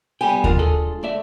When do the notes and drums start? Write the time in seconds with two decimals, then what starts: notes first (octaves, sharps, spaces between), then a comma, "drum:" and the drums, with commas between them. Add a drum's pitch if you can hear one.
0.21 G3 B3 G5 G#5
0.44 G#3 D4 F4 A#4, drum: kick D#2
0.59 G#4 A4
1.03 A3 D5 E5